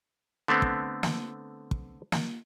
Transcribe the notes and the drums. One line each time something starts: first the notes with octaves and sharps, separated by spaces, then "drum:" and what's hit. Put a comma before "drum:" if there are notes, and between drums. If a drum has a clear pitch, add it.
D3 A3 B3 C4
drum: kick
drum: snare
drum: kick
drum: snare